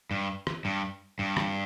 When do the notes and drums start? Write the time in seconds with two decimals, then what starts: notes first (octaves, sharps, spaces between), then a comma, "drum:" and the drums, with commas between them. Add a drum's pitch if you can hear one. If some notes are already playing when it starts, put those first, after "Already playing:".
0.11 G2
0.47 drum: rim click
0.65 G2
1.19 G2
1.37 drum: rim click